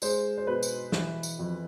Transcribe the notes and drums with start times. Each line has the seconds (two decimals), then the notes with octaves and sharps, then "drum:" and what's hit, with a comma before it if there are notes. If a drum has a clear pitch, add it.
0.02 G#3 C5, drum: tambourine
0.38 C5
0.47 B2 B4
0.63 drum: tambourine
0.92 E3, drum: snare
1.23 drum: tambourine
1.39 F2